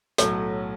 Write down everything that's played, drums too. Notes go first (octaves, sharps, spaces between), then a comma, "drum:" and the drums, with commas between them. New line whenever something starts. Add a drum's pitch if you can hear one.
B1 A2 F#3 A4 C#5, drum: hi-hat